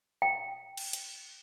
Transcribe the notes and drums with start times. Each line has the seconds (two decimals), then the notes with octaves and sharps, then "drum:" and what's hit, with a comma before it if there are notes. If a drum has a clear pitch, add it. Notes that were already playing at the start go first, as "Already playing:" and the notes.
0.22 G5
0.77 drum: cymbal
0.93 drum: hi-hat